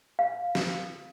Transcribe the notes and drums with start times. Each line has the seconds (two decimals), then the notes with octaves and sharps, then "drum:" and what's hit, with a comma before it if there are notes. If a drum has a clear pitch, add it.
0.19 F5
0.55 drum: snare